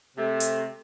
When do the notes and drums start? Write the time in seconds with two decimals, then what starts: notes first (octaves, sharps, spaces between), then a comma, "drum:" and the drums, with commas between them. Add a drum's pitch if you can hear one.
0.16 C3 A3
0.40 drum: hi-hat